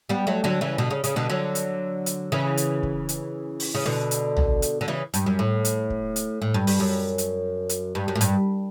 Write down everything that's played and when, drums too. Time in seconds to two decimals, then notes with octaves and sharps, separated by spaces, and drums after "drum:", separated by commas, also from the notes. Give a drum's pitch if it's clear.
0.09 G3 B3
0.27 F#3 A3
0.44 D3 F#3
0.61 C#3 E3
0.78 B2 D3
0.91 C#3
1.04 C#3, drum: hi-hat
1.16 B2 D3
1.30 D3 F#3
1.55 drum: hi-hat
2.06 drum: hi-hat
2.32 C#3 E3
2.57 drum: hi-hat
2.83 drum: kick
3.09 drum: hi-hat
3.60 drum: open hi-hat
3.75 C#3
3.85 B2 D3
4.11 drum: hi-hat
4.37 drum: tom
4.62 drum: hi-hat
4.81 D3
4.88 C#3 E3
5.14 G2, drum: hi-hat
5.26 F#2
5.39 A2
5.65 drum: hi-hat
5.90 drum: kick
6.16 drum: hi-hat
6.42 A2
6.54 G2
6.67 G2, drum: open hi-hat
6.80 F#2
7.18 drum: hi-hat
7.69 drum: hi-hat
7.95 G2
8.08 F#2
8.15 A2
8.21 G2, drum: hi-hat